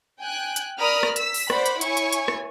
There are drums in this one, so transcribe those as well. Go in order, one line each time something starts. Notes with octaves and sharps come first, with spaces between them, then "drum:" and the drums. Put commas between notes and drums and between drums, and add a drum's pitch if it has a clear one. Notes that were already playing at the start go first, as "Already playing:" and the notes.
G5 G#5 F#6
drum: hi-hat
A#4 D5 B5 D#6 F6
drum: rim click
E6 B6, drum: hi-hat
drum: open hi-hat
C5 D5 F#5 B5, drum: rim click
drum: hi-hat
E4 C#5 G#5 C#6, drum: hi-hat
drum: hi-hat
drum: hi-hat
drum: rim click